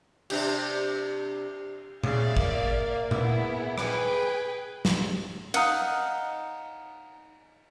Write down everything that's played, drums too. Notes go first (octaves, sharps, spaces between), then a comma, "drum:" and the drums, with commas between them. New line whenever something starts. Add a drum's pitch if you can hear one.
C3 D4 G4, drum: cymbal
C#3 D5 E5 F5, drum: tom A#2
A#3, drum: kick
B3 E4 G#4, drum: tom A#2
G#4 B4 G5 G#5, drum: rim click
drum: snare
D#4 F5 F#5, drum: cymbal